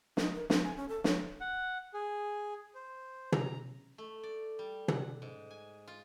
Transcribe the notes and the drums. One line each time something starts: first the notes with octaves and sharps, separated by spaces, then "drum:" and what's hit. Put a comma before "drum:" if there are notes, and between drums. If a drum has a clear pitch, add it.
D#4, drum: snare
A#4
C4, drum: snare
G#5
C#4
A4
C#5, drum: snare
F#5
G#4
C5
A#5, drum: tom
A3
D5
G3
F#5, drum: tom
G#2
G#5
F4